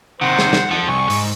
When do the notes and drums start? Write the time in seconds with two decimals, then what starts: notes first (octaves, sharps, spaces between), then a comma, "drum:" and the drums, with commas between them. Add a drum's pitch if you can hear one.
0.21 C3 D#3 C5 F#5
0.39 drum: snare
0.53 drum: snare
0.71 F3 A4 F#5
0.88 C2 G#5 C#6
1.10 G#2, drum: open hi-hat